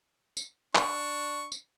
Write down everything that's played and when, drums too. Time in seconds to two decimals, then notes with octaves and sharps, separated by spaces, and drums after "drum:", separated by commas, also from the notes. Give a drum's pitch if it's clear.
0.37 drum: tambourine
0.75 D4 C#6, drum: clap
1.52 drum: tambourine